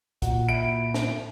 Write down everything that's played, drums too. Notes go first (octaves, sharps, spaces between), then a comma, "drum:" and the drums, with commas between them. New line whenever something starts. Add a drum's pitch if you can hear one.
A#2 F#4, drum: kick, hi-hat
E4 D7
drum: snare